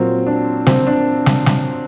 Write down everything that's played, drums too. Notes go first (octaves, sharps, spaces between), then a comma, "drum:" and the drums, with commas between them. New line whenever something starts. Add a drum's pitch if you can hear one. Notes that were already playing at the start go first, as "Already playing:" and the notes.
Already playing: A#2 F#3 C4
D4
C4, drum: snare
D4
drum: snare
drum: snare